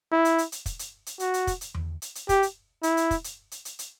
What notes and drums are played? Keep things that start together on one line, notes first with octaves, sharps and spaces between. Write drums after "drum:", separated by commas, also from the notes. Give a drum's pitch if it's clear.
E4
drum: hi-hat
drum: hi-hat
drum: hi-hat
drum: kick, hi-hat
drum: hi-hat
drum: hi-hat
F#4, drum: hi-hat
drum: hi-hat
drum: kick, hi-hat
drum: hi-hat
drum: tom E2
drum: hi-hat
drum: hi-hat
G4, drum: kick, hi-hat
drum: hi-hat
E4, drum: hi-hat
drum: hi-hat
drum: kick, hi-hat
drum: hi-hat
drum: hi-hat
drum: hi-hat
drum: hi-hat